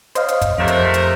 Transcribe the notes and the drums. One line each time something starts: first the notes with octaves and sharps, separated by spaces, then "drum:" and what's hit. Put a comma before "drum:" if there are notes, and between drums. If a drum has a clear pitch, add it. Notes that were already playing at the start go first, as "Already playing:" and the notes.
C5 C#5 D#5 F5, drum: hi-hat
drum: hi-hat
drum: kick, hi-hat
F2 C3 A3 A#4
drum: hi-hat
drum: hi-hat